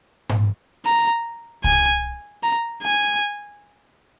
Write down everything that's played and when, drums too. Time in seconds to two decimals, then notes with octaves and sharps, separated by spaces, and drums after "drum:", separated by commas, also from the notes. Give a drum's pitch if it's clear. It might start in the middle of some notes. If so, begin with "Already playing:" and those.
0.29 drum: tom G#2
0.86 A#5, drum: hi-hat
1.64 G#5, drum: kick C2
2.43 A#5
2.83 G#5